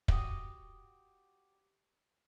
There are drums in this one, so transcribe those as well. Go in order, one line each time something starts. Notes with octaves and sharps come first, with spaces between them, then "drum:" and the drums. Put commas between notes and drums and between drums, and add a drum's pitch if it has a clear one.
F#4 G4 D#6, drum: kick